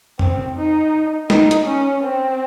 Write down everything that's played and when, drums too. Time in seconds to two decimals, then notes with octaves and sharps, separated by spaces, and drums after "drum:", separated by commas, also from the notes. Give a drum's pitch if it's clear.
0.19 C4, drum: tom F2
0.56 D#4
1.30 D#4, drum: snare
1.51 drum: hi-hat
1.66 C#4
2.04 C4